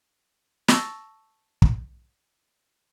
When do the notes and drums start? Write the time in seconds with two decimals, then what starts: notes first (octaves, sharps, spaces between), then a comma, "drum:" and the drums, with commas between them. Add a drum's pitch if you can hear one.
0.68 A5 C#6 E6 A6 A#6 F7, drum: snare
1.62 drum: kick